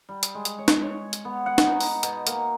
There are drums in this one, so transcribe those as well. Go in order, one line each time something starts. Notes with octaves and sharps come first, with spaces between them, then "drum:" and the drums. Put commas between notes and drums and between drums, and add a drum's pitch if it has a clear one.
G3
drum: hi-hat
G#3
drum: hi-hat
C#5
drum: snare
C#5
drum: hi-hat
B3
F#5
drum: snare
D#4
drum: open hi-hat
B2, drum: hi-hat
A#3, drum: hi-hat